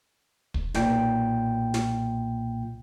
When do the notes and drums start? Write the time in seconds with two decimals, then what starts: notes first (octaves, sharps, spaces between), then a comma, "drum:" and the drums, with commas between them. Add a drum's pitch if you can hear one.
0.54 drum: kick
0.74 B1 A#2 G5, drum: snare
1.74 drum: snare